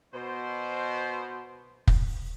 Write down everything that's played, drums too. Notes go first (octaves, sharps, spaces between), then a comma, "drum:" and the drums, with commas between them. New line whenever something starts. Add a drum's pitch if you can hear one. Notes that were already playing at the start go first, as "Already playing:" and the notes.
B2 C5
drum: kick